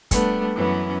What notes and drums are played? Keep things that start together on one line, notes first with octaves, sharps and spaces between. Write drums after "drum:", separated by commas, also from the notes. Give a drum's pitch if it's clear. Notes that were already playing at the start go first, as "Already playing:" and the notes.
G3 A3 B3 D4, drum: kick, hi-hat
F#2 E3 B3 C#4